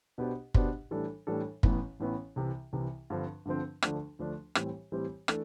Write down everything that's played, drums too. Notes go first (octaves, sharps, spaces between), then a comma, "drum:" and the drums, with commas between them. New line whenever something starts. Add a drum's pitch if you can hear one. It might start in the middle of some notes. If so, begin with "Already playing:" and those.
B2 B3 D4 G4 C5
B2 B3 D4 G4 C5, drum: kick
A2 E3 G3 D4 A4
A2 E3 G3 D4 A4
A1 A2 E3 B3, drum: kick
A1 A2 E3 B3
C2 C3 E3
C2 C3 E3
G2 D3 F3 C4
G2 D3 F3 C4
D2 D3 F3 A3 D4, drum: rim click
D2 D3 F3 A3 D4
A2 E3 G3 C4 G4, drum: rim click
A2 E3 G3 C4 G4
E3 A3 D4 A4, drum: rim click